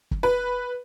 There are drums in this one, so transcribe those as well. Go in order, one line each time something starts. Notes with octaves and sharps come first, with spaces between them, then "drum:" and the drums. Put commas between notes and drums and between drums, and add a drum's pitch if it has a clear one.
drum: kick
B4